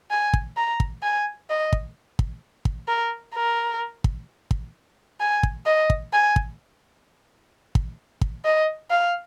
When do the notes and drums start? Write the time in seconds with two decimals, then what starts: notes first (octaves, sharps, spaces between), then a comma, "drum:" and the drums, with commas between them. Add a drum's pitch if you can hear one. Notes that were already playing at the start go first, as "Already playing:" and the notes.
0.11 G#5
0.34 drum: kick
0.57 A#5
0.80 drum: kick
1.03 G#5
1.50 D#5
1.73 drum: kick
2.19 drum: kick
2.65 drum: kick
2.88 A#4
3.35 A#4
4.04 drum: kick
4.51 drum: kick
5.20 G#5
5.43 drum: kick
5.66 D#5
5.90 drum: kick
6.13 G#5
6.36 drum: kick
7.75 drum: kick
8.21 drum: kick
8.45 D#5
8.91 F5